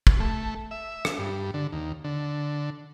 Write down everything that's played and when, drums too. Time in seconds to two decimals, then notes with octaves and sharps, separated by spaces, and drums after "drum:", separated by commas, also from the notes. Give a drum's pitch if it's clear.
0.07 drum: kick
0.20 A3
0.71 E5
1.05 drum: rim click
1.19 G2
1.54 D3
1.73 D#2
2.04 D3